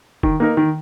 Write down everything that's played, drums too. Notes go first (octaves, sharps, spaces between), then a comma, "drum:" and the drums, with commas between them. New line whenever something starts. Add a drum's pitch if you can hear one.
D#3, drum: kick
A#3 D#4 A#4
D#3